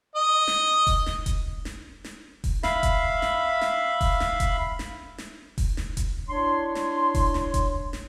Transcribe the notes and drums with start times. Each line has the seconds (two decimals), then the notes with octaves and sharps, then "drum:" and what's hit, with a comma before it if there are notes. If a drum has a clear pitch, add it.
0.16 D#5
0.47 drum: snare
0.87 drum: kick E1, open hi-hat
1.06 drum: snare
1.26 drum: kick E1, hi-hat
1.65 drum: snare
2.04 drum: snare
2.44 drum: kick E1, open hi-hat
2.63 E5 F5 B5, drum: snare
2.83 drum: kick E1, hi-hat
3.22 drum: snare
3.61 drum: snare
4.01 drum: kick E1, open hi-hat
4.20 drum: snare
4.40 drum: kick E1, hi-hat
4.79 drum: snare
5.18 drum: snare
5.58 drum: kick E1, open hi-hat
5.77 drum: snare
5.97 drum: kick E1, hi-hat
6.28 D4 E4 C#5 C6
6.75 drum: snare
7.15 drum: kick E1, open hi-hat
7.34 drum: snare
7.54 drum: kick E1, hi-hat
7.93 drum: snare